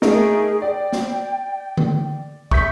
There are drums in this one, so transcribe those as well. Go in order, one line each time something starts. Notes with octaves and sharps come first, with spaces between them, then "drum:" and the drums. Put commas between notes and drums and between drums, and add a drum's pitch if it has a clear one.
A3 D#4 G#4 A#4, drum: snare
D5 G5
drum: snare
drum: tom D3
E5 C#6 G6 B6, drum: kick